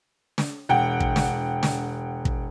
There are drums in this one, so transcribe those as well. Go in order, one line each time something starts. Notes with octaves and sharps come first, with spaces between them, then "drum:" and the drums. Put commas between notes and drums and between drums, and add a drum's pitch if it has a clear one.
drum: snare
E1 F#5 G5
drum: kick
drum: snare
drum: snare
drum: kick